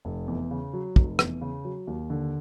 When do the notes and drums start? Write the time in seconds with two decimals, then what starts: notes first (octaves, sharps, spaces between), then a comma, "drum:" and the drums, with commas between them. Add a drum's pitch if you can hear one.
0.05 F1
0.28 E2
0.51 C#3
0.73 F#3
0.96 F1, drum: kick
1.19 E2, drum: rim click
1.41 C#3
1.65 F#3
1.87 D#2
2.10 D3